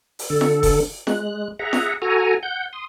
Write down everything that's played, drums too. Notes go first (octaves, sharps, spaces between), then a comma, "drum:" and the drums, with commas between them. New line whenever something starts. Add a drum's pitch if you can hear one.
drum: open hi-hat
D3 A4
drum: snare
drum: kick F1, open hi-hat
G#3 F#6, drum: snare
G#4 E5 F#5 A#5
drum: snare
F#4 A4 G#5 A#5
F#5 G6
C6 D#6